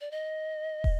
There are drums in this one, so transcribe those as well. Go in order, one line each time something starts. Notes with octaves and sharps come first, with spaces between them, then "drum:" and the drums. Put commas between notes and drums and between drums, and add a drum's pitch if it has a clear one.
D5
D#5
drum: kick